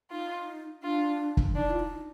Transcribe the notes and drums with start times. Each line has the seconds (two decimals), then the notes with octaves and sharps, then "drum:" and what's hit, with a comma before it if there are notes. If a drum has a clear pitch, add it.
0.10 D#4 F4
0.83 D4 F4
1.37 drum: kick
1.55 D4 D#4
1.70 F4
1.80 D#4